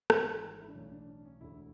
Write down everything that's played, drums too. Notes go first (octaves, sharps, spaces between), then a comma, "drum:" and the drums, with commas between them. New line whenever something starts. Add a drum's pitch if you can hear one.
G#1 G#2 E3 C#5, drum: rim click
E4
D4
B1 A2 E3 C#4
D4
D4
C#4
E1 D2 D3 E4